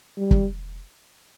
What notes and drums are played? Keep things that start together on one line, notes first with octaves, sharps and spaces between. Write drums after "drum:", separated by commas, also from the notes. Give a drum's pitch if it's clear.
G3
drum: kick